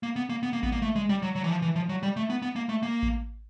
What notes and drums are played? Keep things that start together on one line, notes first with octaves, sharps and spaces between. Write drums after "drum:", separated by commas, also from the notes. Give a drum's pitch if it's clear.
A#3
B3
A#3
B3
A#3
B3, drum: kick A1
A#3
A3
G#3
G3
F#3
F#3
E3
F3
E3
F3
F#3
G3
A3
B3
B3
A#3
A3
A#3
drum: kick A1